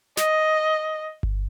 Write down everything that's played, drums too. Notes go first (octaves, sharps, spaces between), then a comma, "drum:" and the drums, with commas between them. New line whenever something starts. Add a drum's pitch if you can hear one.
D#5, drum: snare
drum: kick G1